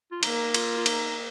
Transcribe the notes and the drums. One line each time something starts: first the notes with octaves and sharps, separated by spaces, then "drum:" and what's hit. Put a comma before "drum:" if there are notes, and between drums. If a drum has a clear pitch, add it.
F4
A#3 D#4, drum: cymbal
F4, drum: cymbal
F4
D#4, drum: cymbal